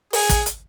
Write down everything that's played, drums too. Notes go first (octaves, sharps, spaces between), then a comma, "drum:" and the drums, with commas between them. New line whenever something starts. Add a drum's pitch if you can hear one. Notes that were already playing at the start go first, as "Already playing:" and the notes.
G#4, drum: open hi-hat
drum: kick, hi-hat
drum: hi-hat